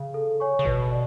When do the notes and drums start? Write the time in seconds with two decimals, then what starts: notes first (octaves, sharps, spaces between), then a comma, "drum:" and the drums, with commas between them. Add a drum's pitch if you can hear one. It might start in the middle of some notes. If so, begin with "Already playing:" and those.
Already playing: C#3
0.14 A4
0.40 C#5 G#5 C#6
0.59 C#3
0.65 B2 B4, drum: kick G1
0.92 D5